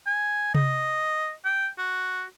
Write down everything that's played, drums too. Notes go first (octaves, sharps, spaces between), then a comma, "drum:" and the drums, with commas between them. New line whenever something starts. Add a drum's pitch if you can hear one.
G#5
D#5, drum: tom C3
G5
F#4